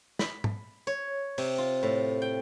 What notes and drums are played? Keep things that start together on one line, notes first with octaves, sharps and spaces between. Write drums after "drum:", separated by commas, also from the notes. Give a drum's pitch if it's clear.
B5, drum: snare
drum: tom G#2
C#5
C3, drum: open hi-hat
F4
A2
G5